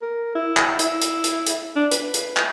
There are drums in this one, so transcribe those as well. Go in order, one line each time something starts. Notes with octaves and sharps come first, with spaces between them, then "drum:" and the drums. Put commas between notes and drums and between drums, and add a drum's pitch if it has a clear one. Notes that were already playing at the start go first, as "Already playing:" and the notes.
A#4
E4
drum: clap
E4, drum: hi-hat
drum: hi-hat
drum: hi-hat
drum: hi-hat
D4
B4, drum: hi-hat
drum: hi-hat
drum: clap